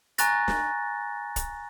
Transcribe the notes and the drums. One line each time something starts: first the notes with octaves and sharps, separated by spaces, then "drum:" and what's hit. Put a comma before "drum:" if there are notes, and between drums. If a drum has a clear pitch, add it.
G#5 A#5 C#6 F#6 A6 A#6, drum: hi-hat
drum: snare
drum: kick, hi-hat